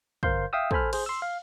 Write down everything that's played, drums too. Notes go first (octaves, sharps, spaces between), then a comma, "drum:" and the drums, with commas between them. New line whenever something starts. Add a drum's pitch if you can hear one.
G1 A#4 C5 F5 C6 G6, drum: kick
E5 F5 G5 D#6 E6
A4 C5 G#5 B5 F6, drum: kick
G#4 C5, drum: cymbal
C6 E6
F5